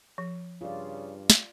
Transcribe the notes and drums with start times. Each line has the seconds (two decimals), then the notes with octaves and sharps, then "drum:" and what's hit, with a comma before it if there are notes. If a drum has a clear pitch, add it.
0.18 F3
0.61 G2 C#3 F4 D5
1.30 drum: snare